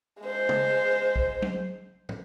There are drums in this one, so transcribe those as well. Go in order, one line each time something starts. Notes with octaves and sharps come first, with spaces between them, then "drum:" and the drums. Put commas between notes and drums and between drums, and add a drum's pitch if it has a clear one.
G#3 C5
drum: tom
drum: kick
drum: tom F#3
drum: tom